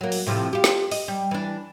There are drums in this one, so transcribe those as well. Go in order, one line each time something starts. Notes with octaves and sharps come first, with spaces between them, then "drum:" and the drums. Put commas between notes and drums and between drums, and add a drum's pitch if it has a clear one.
F#3 A#3
drum: open hi-hat
A2 C3 F3
F4 G4
drum: snare
D#5, drum: open hi-hat
G3
E3 D4